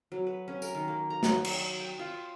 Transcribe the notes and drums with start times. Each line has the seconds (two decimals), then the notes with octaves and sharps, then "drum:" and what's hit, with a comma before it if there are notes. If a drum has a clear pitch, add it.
0.12 F#3
0.27 B4
0.48 C#4
0.62 A#4, drum: tambourine
0.74 D#3
0.88 A#3
1.10 A#5
1.23 F#3, drum: snare
1.44 C#5, drum: cymbal
1.79 G5
1.99 F4